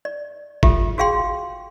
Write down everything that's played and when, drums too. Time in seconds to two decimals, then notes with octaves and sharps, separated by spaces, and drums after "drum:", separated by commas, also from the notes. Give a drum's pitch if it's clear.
0.05 D5
0.63 F4 G4 A4 E5, drum: kick G1
0.98 F#4 G#4 F5 G5 C6